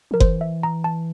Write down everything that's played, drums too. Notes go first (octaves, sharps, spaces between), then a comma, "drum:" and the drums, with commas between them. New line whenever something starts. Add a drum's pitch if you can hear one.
F3 A#4
E3 C5, drum: kick F#1
E5
A#5
A5